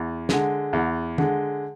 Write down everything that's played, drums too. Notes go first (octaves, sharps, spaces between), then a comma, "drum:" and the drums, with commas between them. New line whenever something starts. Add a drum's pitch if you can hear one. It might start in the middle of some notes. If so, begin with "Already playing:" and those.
Already playing: E2
D3 G#3, drum: snare
E2
D3 G#3, drum: tom D#3